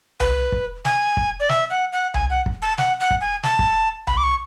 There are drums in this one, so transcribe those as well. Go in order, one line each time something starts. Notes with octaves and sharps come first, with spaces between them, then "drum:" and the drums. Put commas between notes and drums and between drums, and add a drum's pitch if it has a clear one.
B4, drum: tom C2
drum: kick
G#5, drum: snare
drum: kick
D5
E5, drum: snare
F#5
F#5
G#5, drum: tom C2
F#5
drum: kick
A5
F#5, drum: snare
F#5
drum: kick
G#5
A5, drum: snare
drum: kick
B5, drum: tom C2
D6
C#6